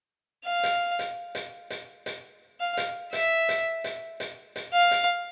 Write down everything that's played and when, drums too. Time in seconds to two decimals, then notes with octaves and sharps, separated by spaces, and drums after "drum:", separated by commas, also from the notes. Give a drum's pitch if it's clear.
0.45 F5
0.63 drum: hi-hat
0.99 drum: hi-hat
1.35 drum: hi-hat
1.70 drum: hi-hat
2.06 drum: hi-hat
2.60 F5
2.77 drum: hi-hat
3.13 E5, drum: hi-hat
3.49 drum: hi-hat
3.84 drum: hi-hat
4.20 drum: hi-hat
4.56 drum: hi-hat
4.74 F5
4.91 drum: hi-hat